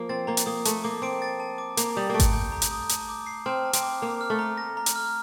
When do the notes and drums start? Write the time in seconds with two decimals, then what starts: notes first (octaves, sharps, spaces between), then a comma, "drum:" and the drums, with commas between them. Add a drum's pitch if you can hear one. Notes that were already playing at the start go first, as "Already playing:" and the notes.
Already playing: F3 A#3
0.09 C4 A6
0.27 A#3 A#5
0.37 drum: hi-hat
0.46 A#3 D#6
0.65 A3 A5, drum: hi-hat
0.84 A#3 D6
1.02 C4 D7
1.22 A6
1.40 A5
1.58 D6
1.77 A#3 A#5, drum: hi-hat
1.96 G3 D#6
2.09 A3 A#3 D7
2.20 drum: kick G#1, hi-hat
2.33 G6
2.52 A#5
2.62 drum: hi-hat
2.72 D#6
2.89 A5, drum: hi-hat
3.09 D6
3.27 C7
3.46 C4 F6
3.65 A5
3.73 C4, drum: hi-hat
3.83 D6
4.02 A#3 A#5
4.21 F6
4.30 A3
4.39 A#5
4.58 A#6
4.77 A#5
4.86 drum: hi-hat
4.96 F6